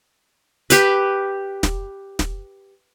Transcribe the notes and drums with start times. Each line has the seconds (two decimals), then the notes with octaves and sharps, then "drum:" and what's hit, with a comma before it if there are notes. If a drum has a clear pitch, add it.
0.70 G4 B4, drum: hi-hat
1.63 drum: snare
2.19 drum: snare